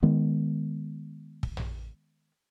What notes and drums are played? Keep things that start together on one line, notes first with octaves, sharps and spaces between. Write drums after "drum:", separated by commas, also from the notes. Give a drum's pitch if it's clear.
D#3 G#3 B3
drum: kick
drum: tom